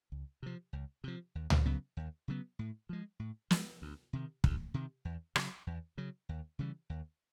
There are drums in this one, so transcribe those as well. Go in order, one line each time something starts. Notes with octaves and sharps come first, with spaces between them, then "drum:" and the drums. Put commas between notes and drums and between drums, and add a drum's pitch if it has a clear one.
C#2
C3 F3
C#2
C3 F3
D#2
drum: tom C#2
C#3 F#3 B3
D#2
C#3 F#3 B3
A2
F3 G#3
A2
F3 G#3, drum: snare
D2
C3 D#3
D2, drum: kick
C3 D#3
E2
C#3 F#3, drum: rim click
E2
C#3 F#3
D#2
C#3 E3 G3
D#2